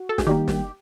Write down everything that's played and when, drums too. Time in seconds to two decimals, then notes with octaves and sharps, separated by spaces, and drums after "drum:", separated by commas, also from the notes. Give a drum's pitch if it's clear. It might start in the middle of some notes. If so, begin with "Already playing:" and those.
Already playing: F#4
0.09 A4
0.18 G#4, drum: snare
0.27 D#3 G3 A#3 G4
0.48 drum: snare